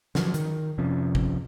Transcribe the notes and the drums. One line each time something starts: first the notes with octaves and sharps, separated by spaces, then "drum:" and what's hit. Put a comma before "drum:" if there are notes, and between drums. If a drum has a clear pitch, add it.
D3 F3 F#3, drum: snare
D#3, drum: hi-hat
F1 C3 F3 C#4
drum: kick